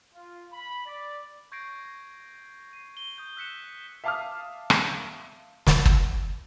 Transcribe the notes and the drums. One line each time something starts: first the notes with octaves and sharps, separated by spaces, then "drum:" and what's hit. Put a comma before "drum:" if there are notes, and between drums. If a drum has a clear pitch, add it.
F4
B5
D5
C#6 G6 G#6 A#6 C7 D7
C7 D#7
G7
D#6 G6
E6 F#6 B6 C#7 E7
E5 F5 A5 D6 D#6 F6
drum: rim click
drum: snare
drum: kick